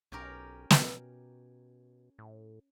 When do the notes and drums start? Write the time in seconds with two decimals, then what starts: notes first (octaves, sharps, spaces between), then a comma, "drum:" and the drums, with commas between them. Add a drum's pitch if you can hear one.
0.12 B1 C#4 G4 A#4
0.71 B2, drum: snare
2.18 A2